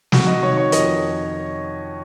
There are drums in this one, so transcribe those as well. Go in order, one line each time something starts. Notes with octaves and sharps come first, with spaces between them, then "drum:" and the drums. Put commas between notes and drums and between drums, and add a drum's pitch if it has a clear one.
C3 F#4, drum: snare
D#5
D#3 C#5
C#5
F2 D#5, drum: hi-hat